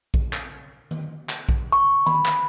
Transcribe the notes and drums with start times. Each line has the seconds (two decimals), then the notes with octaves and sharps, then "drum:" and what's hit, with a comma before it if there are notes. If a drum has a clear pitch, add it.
0.14 drum: kick A#1
0.33 drum: clap
0.91 drum: tom D#3
1.29 drum: clap
1.49 drum: kick A#1
1.72 C#6
2.06 B5, drum: tom D#3
2.26 drum: clap